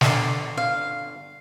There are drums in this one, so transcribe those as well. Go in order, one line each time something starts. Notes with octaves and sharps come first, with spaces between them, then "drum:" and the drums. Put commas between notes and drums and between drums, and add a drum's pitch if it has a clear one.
G1 D3 D5 C7, drum: snare
F5